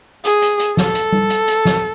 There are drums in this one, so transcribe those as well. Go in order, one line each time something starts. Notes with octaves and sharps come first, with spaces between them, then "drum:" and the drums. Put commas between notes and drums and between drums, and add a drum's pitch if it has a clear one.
G#4, drum: hi-hat
drum: hi-hat
drum: hi-hat
A4, drum: snare
drum: hi-hat
drum: tom G3
drum: hi-hat
drum: hi-hat
drum: snare